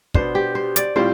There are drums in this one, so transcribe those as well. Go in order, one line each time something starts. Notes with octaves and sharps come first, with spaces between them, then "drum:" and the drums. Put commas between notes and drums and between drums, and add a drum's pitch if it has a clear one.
B2 B3 D4 C5, drum: kick
G4
C5
D5, drum: hi-hat
A2 G3 C4 F4 C5